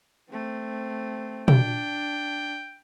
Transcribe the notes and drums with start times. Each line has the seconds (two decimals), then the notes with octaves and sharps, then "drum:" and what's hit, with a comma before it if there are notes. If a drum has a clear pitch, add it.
0.29 A3 C4
1.48 D4 G5, drum: tom